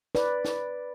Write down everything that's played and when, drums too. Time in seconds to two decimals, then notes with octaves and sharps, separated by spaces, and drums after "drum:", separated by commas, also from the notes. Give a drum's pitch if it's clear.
0.15 B4 D5, drum: snare
0.45 drum: snare